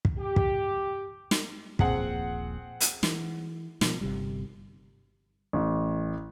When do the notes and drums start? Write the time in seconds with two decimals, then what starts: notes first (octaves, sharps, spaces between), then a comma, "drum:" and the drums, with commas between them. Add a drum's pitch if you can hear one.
0.05 drum: kick
0.18 G4
0.36 drum: kick
1.31 drum: snare
1.79 D#1 A#1 A#2 C4 G#4 F#5, drum: kick
2.81 drum: hi-hat
3.03 E3, drum: snare
3.81 B2 F3, drum: snare
4.01 G1 C3 G3
5.53 A1